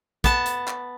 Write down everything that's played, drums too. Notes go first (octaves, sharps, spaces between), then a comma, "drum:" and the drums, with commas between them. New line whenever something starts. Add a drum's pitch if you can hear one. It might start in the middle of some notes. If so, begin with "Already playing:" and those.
B3 A5, drum: kick, hi-hat
drum: hi-hat
drum: clap